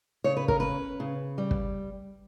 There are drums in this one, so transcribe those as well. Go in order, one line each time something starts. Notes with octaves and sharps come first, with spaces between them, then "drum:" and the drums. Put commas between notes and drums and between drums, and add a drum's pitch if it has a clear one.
C#3 C#5
B4
A#4, drum: kick
C#4 B4
C#3
G3
drum: kick